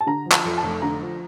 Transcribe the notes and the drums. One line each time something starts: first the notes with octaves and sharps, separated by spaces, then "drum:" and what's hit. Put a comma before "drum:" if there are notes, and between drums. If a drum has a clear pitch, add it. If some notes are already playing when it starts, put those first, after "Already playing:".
A5
D3 A#5
F3
A5, drum: clap
F2
A5
F1
D3 A#5
F3